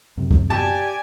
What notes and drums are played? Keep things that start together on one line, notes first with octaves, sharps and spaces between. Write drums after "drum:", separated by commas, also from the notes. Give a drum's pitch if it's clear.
F#2 C3
drum: kick C#2
G4 D5 G#5 A5, drum: tom